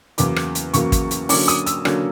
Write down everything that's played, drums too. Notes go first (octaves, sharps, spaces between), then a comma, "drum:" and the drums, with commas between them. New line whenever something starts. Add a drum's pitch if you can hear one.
E2 C#3 F#3 A#3 D6, drum: hi-hat
drum: rim click
drum: hi-hat
E2 C#3 F#3 A#3 C#6, drum: hi-hat
drum: kick, hi-hat
drum: hi-hat
D3 F#3 A#3 C#4 D6, drum: open hi-hat
D#6, drum: hi-hat
E6, drum: hi-hat
D3 F#3 A#3 C#4, drum: rim click